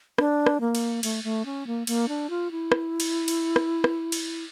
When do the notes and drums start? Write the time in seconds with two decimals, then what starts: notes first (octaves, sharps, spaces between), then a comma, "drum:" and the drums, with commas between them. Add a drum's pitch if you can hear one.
0.18 D4, drum: rim click
0.46 drum: rim click
0.60 A#3
0.75 drum: cymbal
1.03 A3, drum: cymbal
1.24 A3
1.45 C#4
1.67 A#3
1.87 A#3, drum: cymbal
2.08 D4
2.30 F4
2.51 E4
2.72 drum: rim click
3.00 drum: cymbal
3.28 drum: cymbal
3.56 drum: rim click
3.84 drum: rim click
4.12 drum: cymbal